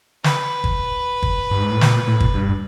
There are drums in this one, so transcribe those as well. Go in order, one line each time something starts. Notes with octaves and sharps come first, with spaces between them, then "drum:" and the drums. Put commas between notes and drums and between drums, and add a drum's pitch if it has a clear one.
B4, drum: snare
drum: kick
drum: kick
G2
G#2
A2
A#2, drum: snare
A2
drum: kick
G2